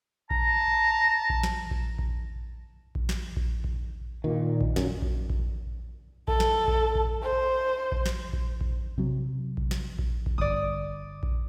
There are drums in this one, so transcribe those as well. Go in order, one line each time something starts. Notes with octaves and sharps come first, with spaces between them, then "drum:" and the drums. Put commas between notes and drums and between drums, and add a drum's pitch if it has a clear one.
A5 A#5, drum: kick A#1
drum: kick A#1
drum: snare
drum: kick A#1
drum: kick A#1
drum: kick A#1
drum: snare
drum: kick A#1
drum: kick A#1
A#2 D#3
drum: kick A#1
F#2, drum: snare
drum: kick A#1
drum: kick A#1
A4, drum: kick A#1
drum: snare
drum: kick A#1
drum: kick A#1
C5
drum: kick A#1
drum: snare
drum: kick A#1
drum: kick A#1
C3 F#3
drum: kick A#1
drum: snare
drum: kick A#1
drum: kick A#1
G1 D5 D#6
drum: kick A#1